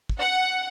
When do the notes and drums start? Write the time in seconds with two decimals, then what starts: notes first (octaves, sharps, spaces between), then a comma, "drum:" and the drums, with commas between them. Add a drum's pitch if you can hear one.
0.09 drum: kick
0.20 F#5